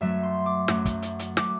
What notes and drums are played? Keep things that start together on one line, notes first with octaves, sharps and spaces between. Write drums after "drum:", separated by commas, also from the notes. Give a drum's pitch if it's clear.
F#2 F#3 A3 E5
C6
D6
F#2 F#3 A3, drum: snare
drum: kick, hi-hat
drum: hi-hat
drum: hi-hat
F#3 A3 D6, drum: snare